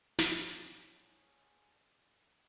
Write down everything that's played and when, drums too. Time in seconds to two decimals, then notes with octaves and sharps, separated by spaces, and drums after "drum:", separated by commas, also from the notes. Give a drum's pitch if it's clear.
0.19 C#4 D4 F#4 G#4 C5 C#5, drum: snare